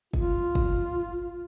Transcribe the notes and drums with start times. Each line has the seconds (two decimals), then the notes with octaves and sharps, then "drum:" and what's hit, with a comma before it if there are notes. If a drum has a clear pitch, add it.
0.13 F4, drum: kick
0.55 drum: kick